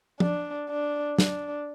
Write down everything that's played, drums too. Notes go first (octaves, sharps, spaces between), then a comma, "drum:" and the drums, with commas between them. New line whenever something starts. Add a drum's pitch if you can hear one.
D4, drum: tom F3
D4
D4, drum: snare